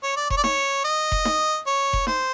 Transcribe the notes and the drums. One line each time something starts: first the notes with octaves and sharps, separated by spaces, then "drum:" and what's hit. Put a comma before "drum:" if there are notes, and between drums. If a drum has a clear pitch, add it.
C#5
D5
C#5, drum: kick F1
D5
C#5, drum: snare D#4
D#5
drum: kick F1
drum: snare D#4
C#5
drum: kick F1
C5, drum: snare D#4